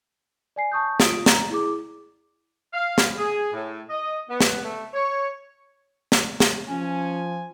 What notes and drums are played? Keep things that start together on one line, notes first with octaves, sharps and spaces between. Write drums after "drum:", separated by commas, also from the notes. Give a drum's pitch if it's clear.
D5 G#5 C7
A5 C#6 D#6 G6
F4 D#6 D7, drum: snare
A#5, drum: snare
E4 G#4 D6
F5
drum: snare
G#4
A2
D#5
B3
drum: snare
A3
C#5
drum: snare
drum: snare
F3 C#4 G#5